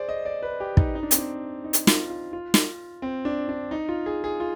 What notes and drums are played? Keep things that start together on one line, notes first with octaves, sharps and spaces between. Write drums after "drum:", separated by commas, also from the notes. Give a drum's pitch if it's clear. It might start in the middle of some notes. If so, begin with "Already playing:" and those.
Already playing: G#4 C5 D5
D#5
D5
B4
G4
D#4, drum: kick
D#4
D4
C4, drum: hi-hat
D4
D#4
drum: hi-hat
F4, drum: snare
F4
F4
drum: snare
C4
D4
D4
D#4
F4
G#4
G#4
F4